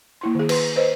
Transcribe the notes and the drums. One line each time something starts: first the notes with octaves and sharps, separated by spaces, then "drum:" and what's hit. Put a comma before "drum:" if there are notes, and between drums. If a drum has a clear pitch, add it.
A#3 E4 C6
D#3 G#4
B4 C6, drum: cymbal
B4 C5 D#5